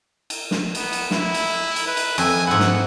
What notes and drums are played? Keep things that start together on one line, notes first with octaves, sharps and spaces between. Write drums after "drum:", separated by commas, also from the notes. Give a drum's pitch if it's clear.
drum: cymbal
drum: snare
B3, drum: cymbal
drum: cymbal
E4, drum: snare
drum: cymbal
drum: cymbal
B4
drum: cymbal
F2 G#5, drum: cymbal
G#2 E4 F#5
drum: snare